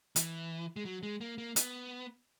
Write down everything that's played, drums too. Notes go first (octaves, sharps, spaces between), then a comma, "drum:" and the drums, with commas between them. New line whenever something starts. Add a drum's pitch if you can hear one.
E3, drum: hi-hat
G#3
F#3
G#3
A#3
A#3
B3, drum: hi-hat